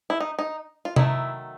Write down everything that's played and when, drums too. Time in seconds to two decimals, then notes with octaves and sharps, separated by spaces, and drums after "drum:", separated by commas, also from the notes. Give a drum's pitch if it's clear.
0.10 E4
0.20 D#4
0.39 D#4
0.85 F4
0.96 D#3 F#3 A3 E4, drum: tom C3